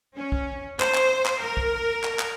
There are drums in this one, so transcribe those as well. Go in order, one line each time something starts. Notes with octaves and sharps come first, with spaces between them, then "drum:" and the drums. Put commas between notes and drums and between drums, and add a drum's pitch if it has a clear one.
C#4
drum: kick
C5, drum: clap
drum: clap
drum: clap
A#4
drum: kick
drum: clap
drum: clap